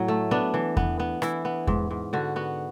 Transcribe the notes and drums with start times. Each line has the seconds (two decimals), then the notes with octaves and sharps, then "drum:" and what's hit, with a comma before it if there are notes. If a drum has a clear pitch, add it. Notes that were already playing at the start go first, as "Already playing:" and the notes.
Already playing: A2 F#3
0.08 A3
0.31 B3 D4
0.54 E3
0.77 B3, drum: kick E2
1.00 B3
1.22 E3 E4, drum: rim click
1.45 B3
1.67 G#2, drum: kick E2
1.91 G#2
2.13 D3 F#4
2.36 B3 F#4